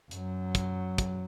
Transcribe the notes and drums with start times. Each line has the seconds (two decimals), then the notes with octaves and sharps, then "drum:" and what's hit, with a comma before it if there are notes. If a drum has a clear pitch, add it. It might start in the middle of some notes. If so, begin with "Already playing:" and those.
0.11 F#2 F#3, drum: hi-hat
0.55 drum: kick, hi-hat
0.98 drum: kick, hi-hat